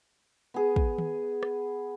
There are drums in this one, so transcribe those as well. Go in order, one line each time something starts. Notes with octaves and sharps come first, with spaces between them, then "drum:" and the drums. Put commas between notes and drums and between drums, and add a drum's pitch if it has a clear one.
B3 G#4
drum: kick
drum: tom D#3
drum: rim click